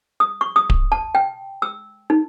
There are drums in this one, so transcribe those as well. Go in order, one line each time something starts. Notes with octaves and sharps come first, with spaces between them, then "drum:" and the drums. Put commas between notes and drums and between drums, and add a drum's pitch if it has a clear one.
D#6
C#6
D#6
drum: kick D1
A5
G5
E6
D#4